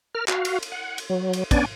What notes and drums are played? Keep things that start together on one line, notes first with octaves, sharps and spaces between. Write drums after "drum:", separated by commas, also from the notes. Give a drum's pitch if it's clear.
A#4 F6
F#4 F5, drum: clap
drum: cymbal
drum: cymbal
F#5
drum: cymbal
F#3
drum: cymbal
B3 C#4 D4 D5 G#5, drum: kick, cymbal